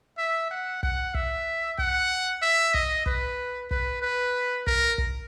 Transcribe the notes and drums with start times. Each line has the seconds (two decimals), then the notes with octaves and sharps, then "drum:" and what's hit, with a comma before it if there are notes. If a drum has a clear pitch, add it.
0.18 E5
0.51 F#5
0.83 F#5, drum: kick
1.14 E5, drum: kick
1.78 F#5, drum: kick
2.42 E5
2.74 D#5, drum: kick
3.06 B4, drum: kick
3.71 B4, drum: kick
4.02 B4
4.67 A#4, drum: kick
4.98 drum: kick